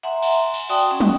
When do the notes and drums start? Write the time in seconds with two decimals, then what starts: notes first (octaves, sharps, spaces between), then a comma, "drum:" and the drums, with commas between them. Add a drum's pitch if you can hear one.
0.03 E5 F#5 G#5 A#5 C6
0.23 drum: cymbal
0.54 drum: cymbal
0.69 F#4 D5 G5 A5 C6 D#6, drum: cymbal
0.91 C#4
1.00 drum: tom